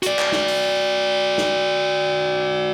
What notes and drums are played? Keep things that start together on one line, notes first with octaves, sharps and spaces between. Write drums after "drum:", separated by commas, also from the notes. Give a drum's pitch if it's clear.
F#4 D5, drum: hi-hat
drum: clap
drum: snare
drum: open hi-hat
drum: snare